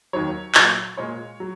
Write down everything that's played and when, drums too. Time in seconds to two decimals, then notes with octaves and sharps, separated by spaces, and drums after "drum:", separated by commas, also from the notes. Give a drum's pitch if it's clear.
0.13 D#2 D#3 F#3 C#5
0.55 A#2 F#3, drum: clap
0.97 A#2 G#3 C#5
1.40 F#3